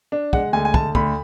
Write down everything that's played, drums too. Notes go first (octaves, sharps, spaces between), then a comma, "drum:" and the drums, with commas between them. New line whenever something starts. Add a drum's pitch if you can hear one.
D4
G#3 F#5, drum: kick
D2 G#5
G#5
D2 A5, drum: kick
D2 B5, drum: kick